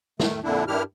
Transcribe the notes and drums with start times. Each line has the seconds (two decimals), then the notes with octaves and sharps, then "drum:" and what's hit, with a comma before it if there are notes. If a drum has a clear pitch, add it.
0.20 D#3 A3, drum: snare
0.44 F2 A#2 D3 D4 E4
0.68 G2 D#3 D4 E4 G4 F6